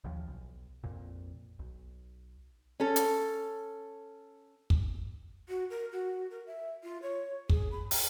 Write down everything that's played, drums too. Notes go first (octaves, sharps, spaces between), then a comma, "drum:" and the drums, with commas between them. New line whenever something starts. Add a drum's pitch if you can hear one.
A#1 D#2 F3
B1
A#1 F2 A#2
B1
C#4 A4
drum: hi-hat
drum: kick
F#4
A#4
F#4
A#4
E5
F4
C#5
G#4, drum: kick
B5
G5, drum: open hi-hat